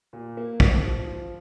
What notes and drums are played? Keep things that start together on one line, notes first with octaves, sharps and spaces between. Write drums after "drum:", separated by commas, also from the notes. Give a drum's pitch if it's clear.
A#2
A#3
F3, drum: kick
F3
F3